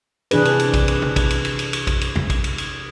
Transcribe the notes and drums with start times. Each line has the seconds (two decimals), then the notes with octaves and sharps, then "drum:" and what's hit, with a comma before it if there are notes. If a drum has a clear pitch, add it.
0.31 C3 E3 D4 G#4 B4, drum: cymbal
0.45 drum: cymbal
0.59 drum: cymbal
0.74 drum: kick A#1, cymbal
0.88 drum: cymbal
1.02 drum: tom
1.16 drum: kick A#1, cymbal
1.30 drum: cymbal
1.45 drum: cymbal
1.59 drum: cymbal
1.73 drum: cymbal
1.87 drum: kick A#1, cymbal
2.01 drum: cymbal
2.16 drum: tom E2
2.30 drum: kick A#1, cymbal
2.44 drum: cymbal
2.58 drum: cymbal